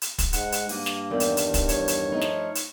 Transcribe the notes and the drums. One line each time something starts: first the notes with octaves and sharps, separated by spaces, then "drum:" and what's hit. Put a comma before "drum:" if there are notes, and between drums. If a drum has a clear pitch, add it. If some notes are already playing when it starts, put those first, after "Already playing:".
drum: hi-hat
drum: kick, hi-hat
G#2 F#5, drum: hi-hat
drum: hi-hat
G2 A#3, drum: open hi-hat
drum: snare
E2 D#3 G3
drum: hi-hat
drum: hi-hat
drum: kick, hi-hat
C#5, drum: hi-hat
drum: hi-hat
F3 A3 D#4
drum: snare
drum: hi-hat